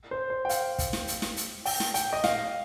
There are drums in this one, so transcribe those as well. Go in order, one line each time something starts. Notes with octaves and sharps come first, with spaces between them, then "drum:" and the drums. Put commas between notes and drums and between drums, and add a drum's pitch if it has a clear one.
C5
C5
G5
F5, drum: hi-hat
drum: kick, hi-hat
drum: snare
drum: hi-hat
drum: snare
drum: hi-hat
G5, drum: open hi-hat
drum: snare
G5, drum: hi-hat
D#5
F5, drum: snare